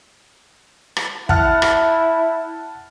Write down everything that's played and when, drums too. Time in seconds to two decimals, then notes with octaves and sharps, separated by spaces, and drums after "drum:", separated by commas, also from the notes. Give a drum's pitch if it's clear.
0.96 drum: rim click
1.29 E4 F#5 A5 F6, drum: kick
1.62 drum: rim click